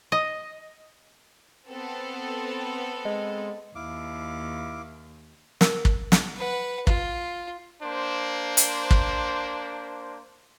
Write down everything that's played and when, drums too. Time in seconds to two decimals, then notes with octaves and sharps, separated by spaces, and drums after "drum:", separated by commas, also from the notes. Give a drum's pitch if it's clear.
0.12 D#5
1.69 B3 C4 A4
3.05 G#3
3.75 D#2 E4 F5 D6
5.61 A#4, drum: snare
5.85 drum: kick
6.12 drum: snare
6.37 B4 F#5
6.87 F4, drum: kick
7.82 A#3 D4 C5
8.57 drum: hi-hat
8.91 drum: kick